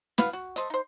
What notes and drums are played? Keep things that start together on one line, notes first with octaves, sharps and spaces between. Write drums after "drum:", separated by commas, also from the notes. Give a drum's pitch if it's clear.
B3 B4 F5, drum: snare
F#4
A3 C5 D#5, drum: hi-hat
D#4 C5